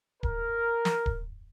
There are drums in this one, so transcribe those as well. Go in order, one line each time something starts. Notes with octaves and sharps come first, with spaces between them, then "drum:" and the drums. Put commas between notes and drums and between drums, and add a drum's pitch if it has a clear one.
A#4, drum: kick D1
drum: snare
drum: kick D1